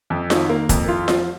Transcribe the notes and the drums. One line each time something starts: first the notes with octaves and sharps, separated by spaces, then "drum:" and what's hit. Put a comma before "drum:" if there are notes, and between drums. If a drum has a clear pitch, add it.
F2
D#3, drum: snare F4
A#3
F2, drum: kick, hi-hat
F4
F3, drum: snare F4